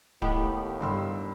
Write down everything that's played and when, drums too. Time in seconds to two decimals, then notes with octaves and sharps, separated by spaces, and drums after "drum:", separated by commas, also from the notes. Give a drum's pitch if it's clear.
0.22 D#2 A2 B3 G4 D#5 G5, drum: kick D1
0.81 G2 A4 C6 E6